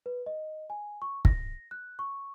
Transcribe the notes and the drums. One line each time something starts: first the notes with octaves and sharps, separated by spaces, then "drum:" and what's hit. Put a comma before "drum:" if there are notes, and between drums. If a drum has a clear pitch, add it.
B4
D#5
G#5
C#6
A#6, drum: kick
F#6
C#6